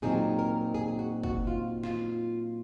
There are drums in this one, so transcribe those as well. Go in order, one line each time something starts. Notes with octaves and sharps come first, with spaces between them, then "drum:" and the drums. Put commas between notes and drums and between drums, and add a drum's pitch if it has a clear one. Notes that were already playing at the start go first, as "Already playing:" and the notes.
A#2 F#3 C4 D#4 G#4
A#4
G#4
F#4
F#4, drum: kick
F4
F4, drum: snare